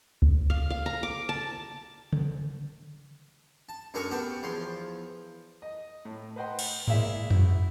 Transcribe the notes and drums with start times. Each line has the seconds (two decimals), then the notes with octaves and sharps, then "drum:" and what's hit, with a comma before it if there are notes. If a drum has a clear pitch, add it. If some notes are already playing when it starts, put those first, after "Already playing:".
0.22 drum: kick C#2
0.50 F5
0.70 F5
0.86 A#5
1.03 D6
1.29 A5
2.13 drum: tom C#3
3.69 A5
3.94 F#2 D4 A4 A#4 G#5 C#6
4.11 B3 F#4 G4 A5
4.43 E2 F3 C6
5.62 D#5
6.05 A2
6.36 B4 C5 D#5 F#5 G5 C6
6.59 drum: cymbal
6.87 G#3 A#3 E4 C#5 D5 E5, drum: tom G#2
7.30 E4 F#4, drum: tom F2